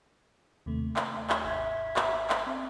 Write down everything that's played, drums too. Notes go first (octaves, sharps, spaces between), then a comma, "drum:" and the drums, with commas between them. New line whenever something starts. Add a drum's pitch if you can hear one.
D#2 C3 A3
drum: clap
drum: clap
G#1 E5 G#6
drum: clap
drum: clap
C4